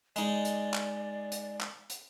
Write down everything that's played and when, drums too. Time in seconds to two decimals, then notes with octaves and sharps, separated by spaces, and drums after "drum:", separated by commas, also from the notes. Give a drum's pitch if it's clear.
0.16 G#3 D#4 D5, drum: hi-hat
0.45 drum: hi-hat
0.74 drum: clap
1.32 drum: hi-hat
1.61 drum: clap
1.90 drum: hi-hat